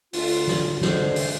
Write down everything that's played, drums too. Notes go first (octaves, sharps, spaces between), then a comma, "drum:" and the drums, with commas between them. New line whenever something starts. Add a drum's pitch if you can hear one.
D2 F4, drum: open hi-hat
drum: snare
D3 G#3 C5, drum: snare
drum: open hi-hat